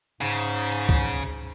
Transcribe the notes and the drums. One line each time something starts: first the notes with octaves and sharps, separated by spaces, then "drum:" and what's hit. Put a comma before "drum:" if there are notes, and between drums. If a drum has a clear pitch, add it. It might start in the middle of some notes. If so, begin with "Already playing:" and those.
G#2 C#3
drum: hi-hat
drum: cymbal
drum: cymbal
drum: kick C#2